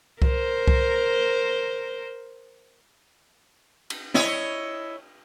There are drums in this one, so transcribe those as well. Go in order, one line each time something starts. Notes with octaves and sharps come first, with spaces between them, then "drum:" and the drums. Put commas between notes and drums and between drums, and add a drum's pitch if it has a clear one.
A#4 C5, drum: kick C2
drum: kick C2
drum: cymbal
E4 C#5 D#5, drum: snare